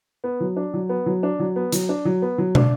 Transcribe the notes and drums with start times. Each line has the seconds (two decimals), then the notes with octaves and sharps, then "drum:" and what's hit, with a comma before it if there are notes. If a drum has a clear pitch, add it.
0.24 B3
0.40 F#3
0.56 D4
0.74 F#3
0.89 B3
1.06 F#3
1.23 D4
1.40 F#3
1.56 B3
1.72 F#3, drum: hi-hat
1.89 D4
2.05 F#3
2.22 B3
2.38 F#3
2.55 D4, drum: tom